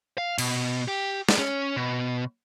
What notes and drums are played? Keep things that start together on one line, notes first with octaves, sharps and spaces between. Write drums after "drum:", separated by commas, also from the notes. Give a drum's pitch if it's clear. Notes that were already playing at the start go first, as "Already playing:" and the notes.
F5
B2, drum: cymbal
G4
drum: snare
C#4
B2